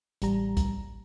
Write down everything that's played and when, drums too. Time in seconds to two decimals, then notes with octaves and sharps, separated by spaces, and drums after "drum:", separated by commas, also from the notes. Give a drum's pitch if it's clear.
0.22 A1 G3 A#5, drum: hi-hat
0.57 drum: kick, hi-hat